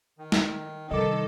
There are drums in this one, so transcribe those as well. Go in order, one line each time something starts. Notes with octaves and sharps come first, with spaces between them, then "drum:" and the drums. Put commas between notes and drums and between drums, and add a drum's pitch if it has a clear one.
D#3
drum: snare
C3 D#3 G3 A4 D#5 D6